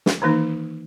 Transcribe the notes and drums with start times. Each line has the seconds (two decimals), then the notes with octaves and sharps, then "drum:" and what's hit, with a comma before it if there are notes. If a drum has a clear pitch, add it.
0.06 drum: snare
0.22 D#3 E3 A#3 D#4